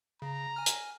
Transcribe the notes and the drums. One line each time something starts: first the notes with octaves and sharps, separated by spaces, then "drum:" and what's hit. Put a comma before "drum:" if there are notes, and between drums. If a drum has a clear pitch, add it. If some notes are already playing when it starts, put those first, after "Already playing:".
C#3 A#5
G#5 F6
drum: hi-hat